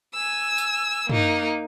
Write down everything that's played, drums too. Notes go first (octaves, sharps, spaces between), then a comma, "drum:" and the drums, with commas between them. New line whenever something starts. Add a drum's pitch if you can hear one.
G#5 E6
drum: tambourine
A#3 D#4, drum: tom